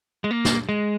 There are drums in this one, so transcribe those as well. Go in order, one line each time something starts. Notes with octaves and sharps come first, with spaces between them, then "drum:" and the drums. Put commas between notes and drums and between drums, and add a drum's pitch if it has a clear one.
G#3
A#3
drum: snare
G#3